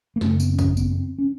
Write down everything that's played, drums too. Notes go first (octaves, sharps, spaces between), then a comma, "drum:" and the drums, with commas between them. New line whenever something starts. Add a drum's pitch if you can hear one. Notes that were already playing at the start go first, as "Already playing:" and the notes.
A#3
F#2 C#3 A3, drum: snare
B3, drum: tambourine
C4
C#4, drum: kick, tambourine
B3, drum: tambourine
C4
C#4